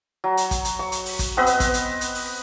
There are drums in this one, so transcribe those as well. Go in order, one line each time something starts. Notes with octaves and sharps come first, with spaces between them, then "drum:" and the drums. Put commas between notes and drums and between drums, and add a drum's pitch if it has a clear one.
F#3
drum: hi-hat
drum: kick, hi-hat
drum: hi-hat
C#6
drum: hi-hat
drum: open hi-hat
drum: kick, hi-hat
B3 C4 B4 D#5
drum: hi-hat
drum: kick, hi-hat
drum: hi-hat
drum: hi-hat
drum: open hi-hat